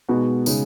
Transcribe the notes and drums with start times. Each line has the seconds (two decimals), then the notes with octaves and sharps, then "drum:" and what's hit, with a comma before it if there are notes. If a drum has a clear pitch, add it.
0.08 B2 G#3 B3 D#4 F#4
0.46 C#3 G#3 D#4, drum: tambourine